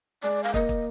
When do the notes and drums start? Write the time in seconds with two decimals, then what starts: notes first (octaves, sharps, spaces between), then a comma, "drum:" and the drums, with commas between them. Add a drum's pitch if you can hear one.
0.23 G#3 D5
0.44 F5
0.54 A#3 D#5, drum: kick
0.69 drum: kick